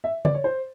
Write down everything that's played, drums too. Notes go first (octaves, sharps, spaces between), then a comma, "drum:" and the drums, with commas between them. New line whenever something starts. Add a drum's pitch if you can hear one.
E5
D5, drum: tom C#3
C#5
C5